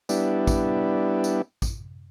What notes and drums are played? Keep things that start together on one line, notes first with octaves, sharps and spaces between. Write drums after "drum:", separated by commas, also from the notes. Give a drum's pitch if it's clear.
G3 B3 D4 E4, drum: tambourine
drum: kick, tambourine
drum: tambourine
drum: kick, tambourine